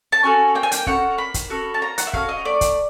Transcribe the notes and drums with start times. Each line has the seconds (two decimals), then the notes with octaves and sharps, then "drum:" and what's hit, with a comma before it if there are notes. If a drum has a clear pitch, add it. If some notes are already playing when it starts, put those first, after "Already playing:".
0.12 A5
0.23 C#4 F#4 A4 G#5
0.55 A#3 G5
0.63 G#5
0.72 G5, drum: hi-hat
0.86 C#4 F#4 A4 F#5, drum: kick
1.18 A#3 B5
1.34 drum: kick, hi-hat
1.50 C#4 F#4 A4
1.74 A5
1.81 A#3 A#5
1.98 F#5, drum: hi-hat
2.07 E5
2.13 C#4 F#4 A4 F5, drum: kick
2.29 D#5
2.45 A3 D5
2.61 drum: kick, hi-hat